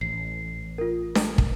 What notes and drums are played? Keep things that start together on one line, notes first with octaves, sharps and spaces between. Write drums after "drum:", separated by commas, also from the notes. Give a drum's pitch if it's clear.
A1 C7
F4 A#4
drum: snare D4
drum: kick